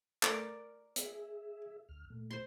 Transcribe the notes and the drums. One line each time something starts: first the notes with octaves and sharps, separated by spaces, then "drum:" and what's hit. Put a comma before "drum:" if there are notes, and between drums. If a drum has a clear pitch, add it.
A3 A#4 B4 D5 B5, drum: clap
G#4 E5, drum: hi-hat
D2 F6
A#2 A3
C5 C6